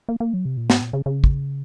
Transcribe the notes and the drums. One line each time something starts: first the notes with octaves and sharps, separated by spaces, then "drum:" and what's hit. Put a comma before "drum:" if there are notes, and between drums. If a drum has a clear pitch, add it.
A#3
A#3
F#3
C3
A#2
G#2, drum: snare
A#2
C#3
C#3
drum: kick